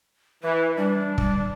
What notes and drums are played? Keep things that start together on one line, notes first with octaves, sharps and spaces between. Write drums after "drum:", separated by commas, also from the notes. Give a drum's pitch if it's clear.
E3 B4
G3 D4
G3, drum: kick